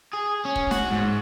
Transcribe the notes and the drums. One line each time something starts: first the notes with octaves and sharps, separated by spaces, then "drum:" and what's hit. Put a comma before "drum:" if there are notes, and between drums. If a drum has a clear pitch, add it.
G#4
C#4
drum: kick D#1
F#4, drum: snare
G#2